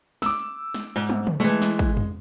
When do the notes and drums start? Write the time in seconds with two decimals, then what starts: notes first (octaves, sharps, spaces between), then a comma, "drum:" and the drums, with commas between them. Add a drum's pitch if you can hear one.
0.22 D6 E6, drum: snare
0.40 drum: hi-hat
0.74 drum: snare
0.96 G#2
1.09 drum: tom
1.27 drum: tom
1.40 E3 G#3 A3
1.62 drum: snare
1.79 drum: kick, open hi-hat
1.97 drum: tom